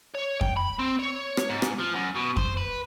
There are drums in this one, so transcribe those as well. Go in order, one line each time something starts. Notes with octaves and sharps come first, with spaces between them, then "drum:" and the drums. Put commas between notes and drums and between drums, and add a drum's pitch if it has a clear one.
C#5
G5, drum: kick F2
B5
C4
C#5
drum: rim click
G#2
drum: rim click
F3
F#2
B2
C5, drum: kick F2
B4